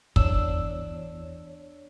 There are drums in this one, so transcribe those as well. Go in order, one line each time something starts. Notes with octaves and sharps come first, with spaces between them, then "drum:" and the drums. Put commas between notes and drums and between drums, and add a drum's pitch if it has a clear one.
E2 D4 C#5 E6, drum: kick